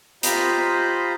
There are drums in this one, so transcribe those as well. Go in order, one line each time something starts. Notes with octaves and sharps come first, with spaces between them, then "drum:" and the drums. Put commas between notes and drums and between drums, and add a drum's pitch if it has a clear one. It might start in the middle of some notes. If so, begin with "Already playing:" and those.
F4 G4 C5 D#5 A#5 B5, drum: hi-hat